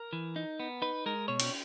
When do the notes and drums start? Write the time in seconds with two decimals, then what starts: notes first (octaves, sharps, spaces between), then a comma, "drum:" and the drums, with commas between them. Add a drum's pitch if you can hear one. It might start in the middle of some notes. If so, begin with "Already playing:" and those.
Already playing: A#4
0.13 E3
0.36 D#4
0.60 B3
0.82 D#4 B4
1.06 G#3 A#4
1.28 B2 C#5
1.39 drum: cymbal